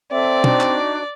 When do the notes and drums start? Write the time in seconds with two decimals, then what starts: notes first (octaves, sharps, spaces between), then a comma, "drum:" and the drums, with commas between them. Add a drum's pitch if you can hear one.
0.12 C4 A4 D5 E5
0.44 D4 D#4 F#4, drum: tom
0.60 drum: clap